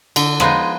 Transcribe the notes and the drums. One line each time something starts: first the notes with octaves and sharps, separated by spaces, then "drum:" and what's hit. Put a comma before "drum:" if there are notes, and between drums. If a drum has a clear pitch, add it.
D3, drum: cymbal
F3 G#3 B3 D#4, drum: rim click